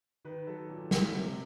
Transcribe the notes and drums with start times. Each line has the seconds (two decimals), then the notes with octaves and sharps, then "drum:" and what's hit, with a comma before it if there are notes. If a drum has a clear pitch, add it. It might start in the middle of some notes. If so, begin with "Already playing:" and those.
0.25 D#3 B4
0.47 F#3 A4
0.69 A#2
0.91 F#3, drum: snare
1.14 C3